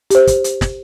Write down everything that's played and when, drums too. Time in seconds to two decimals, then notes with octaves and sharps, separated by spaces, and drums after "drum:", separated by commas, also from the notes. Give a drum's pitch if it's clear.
0.10 G4 C5, drum: hi-hat
0.27 drum: kick, hi-hat
0.44 drum: hi-hat
0.61 drum: snare